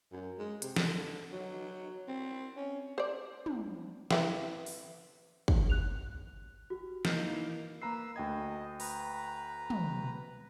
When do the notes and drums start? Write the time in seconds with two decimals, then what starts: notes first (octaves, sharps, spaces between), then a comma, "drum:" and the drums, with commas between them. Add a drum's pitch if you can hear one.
0.12 F#2
0.38 G#3
0.62 C3, drum: hi-hat
0.76 D3, drum: snare
1.32 F#3
2.08 C4
2.57 C#4
2.98 C5 D5
3.46 drum: tom
4.11 C4 E4 B4, drum: snare
4.66 drum: open hi-hat
5.48 drum: kick
5.70 F#6 F7
6.70 F#4 G4
7.05 E3 A#3 D#4 F6 G6, drum: snare
7.82 A#3 B4 A#5 E6 C7
8.16 D2 D#5 G5 G#6
8.80 B4 A#5, drum: open hi-hat
9.70 drum: tom